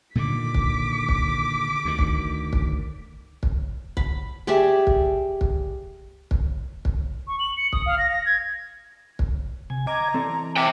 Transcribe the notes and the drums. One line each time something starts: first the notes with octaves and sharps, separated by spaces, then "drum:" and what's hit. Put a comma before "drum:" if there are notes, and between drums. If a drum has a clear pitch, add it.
A#2 D3 D#3 D6 B6
drum: kick
drum: kick
D2 D#3
drum: kick
drum: kick
drum: kick
B5, drum: kick
G4 G#4 D5 E5
drum: kick
drum: kick
drum: kick
drum: kick
C#6
F#7
C#7
D#6, drum: kick
F5
A#6
A#6
G#6
drum: kick
C3 G#5
D#5 A#5 D6 G#6
E3 C4 A4 D5
E5 G5 D6